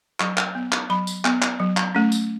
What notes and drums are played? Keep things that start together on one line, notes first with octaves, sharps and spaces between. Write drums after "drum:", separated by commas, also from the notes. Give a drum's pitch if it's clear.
F#3 C#6, drum: clap
drum: clap
B3
drum: clap
F#3 B5
drum: tambourine
B3, drum: clap
drum: clap
F#3
drum: clap
A3 C#4
drum: tambourine